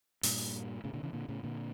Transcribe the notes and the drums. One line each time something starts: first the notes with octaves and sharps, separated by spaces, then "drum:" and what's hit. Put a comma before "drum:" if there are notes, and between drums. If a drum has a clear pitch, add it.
G2 A#2, drum: open hi-hat
A2 C#3
A#2 D3
C#3 E3
A#2 D3
A2 C#3
A#2 D3